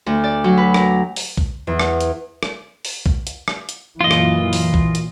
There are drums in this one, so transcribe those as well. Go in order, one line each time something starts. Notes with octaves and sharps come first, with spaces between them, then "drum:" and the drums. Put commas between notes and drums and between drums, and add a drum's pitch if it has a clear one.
D2
D5
F#3
B4
A#5, drum: rim click
drum: open hi-hat
drum: kick B1
E2
drum: rim click
drum: hi-hat
drum: rim click
drum: open hi-hat
drum: kick B1
drum: hi-hat
drum: rim click
drum: hi-hat
F#2 A#2 E3 F4 D#5
drum: rim click
drum: open hi-hat
drum: kick B1
drum: hi-hat